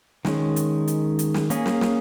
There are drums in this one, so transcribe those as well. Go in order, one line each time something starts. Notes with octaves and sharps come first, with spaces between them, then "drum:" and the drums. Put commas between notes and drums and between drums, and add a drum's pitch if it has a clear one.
D#3 G#3 C#4, drum: snare
drum: hi-hat
drum: hi-hat
drum: hi-hat
drum: snare
A#3 C#4 G#4, drum: hi-hat
drum: snare
drum: snare